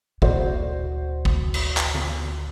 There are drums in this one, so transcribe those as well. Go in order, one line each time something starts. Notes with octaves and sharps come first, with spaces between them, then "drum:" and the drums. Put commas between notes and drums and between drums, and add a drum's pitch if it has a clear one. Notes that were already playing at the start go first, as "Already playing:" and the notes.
D1 A#2 F#4 C5 D5, drum: kick
drum: kick
drum: cymbal
drum: clap
drum: tom D3